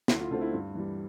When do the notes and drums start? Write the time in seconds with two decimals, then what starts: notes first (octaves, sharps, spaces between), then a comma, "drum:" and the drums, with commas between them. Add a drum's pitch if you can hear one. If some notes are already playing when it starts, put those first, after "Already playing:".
0.08 D2 E4, drum: snare
0.20 F4
0.31 D3 A3 C4 F4
0.41 E4
0.53 G2
0.75 E3 G3